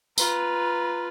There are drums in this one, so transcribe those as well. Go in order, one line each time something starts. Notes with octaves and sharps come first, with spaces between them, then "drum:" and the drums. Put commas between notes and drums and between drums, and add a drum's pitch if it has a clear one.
F4 B4 A#5, drum: tambourine